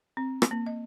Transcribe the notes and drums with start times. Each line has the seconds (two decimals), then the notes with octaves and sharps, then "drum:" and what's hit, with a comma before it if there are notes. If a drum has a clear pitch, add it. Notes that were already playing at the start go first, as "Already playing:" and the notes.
0.17 C4
0.42 drum: rim click
0.51 A#3
0.66 D#5